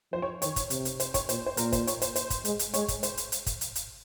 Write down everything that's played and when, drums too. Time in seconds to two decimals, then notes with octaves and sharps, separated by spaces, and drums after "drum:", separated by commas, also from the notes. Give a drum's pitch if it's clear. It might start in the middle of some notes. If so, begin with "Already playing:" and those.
0.12 F3 C5
0.22 C#5
0.42 D#3 C#5, drum: hi-hat
0.56 drum: kick, hi-hat
0.70 C3, drum: hi-hat
0.85 drum: hi-hat
1.00 C5, drum: hi-hat
1.14 C#5, drum: kick, hi-hat
1.29 A#2 C5, drum: hi-hat
1.46 C5
1.57 A#2 A#4, drum: hi-hat
1.72 C5, drum: kick, hi-hat
1.87 C#5, drum: hi-hat
2.02 C5, drum: hi-hat
2.16 C5, drum: hi-hat
2.30 drum: kick, hi-hat
2.45 G#3, drum: hi-hat
2.59 drum: hi-hat
2.74 G#3 C#5, drum: hi-hat
2.88 drum: kick, hi-hat
3.03 C5, drum: hi-hat
3.17 drum: hi-hat
3.32 drum: hi-hat
3.46 drum: kick, hi-hat
3.61 drum: hi-hat
3.75 drum: hi-hat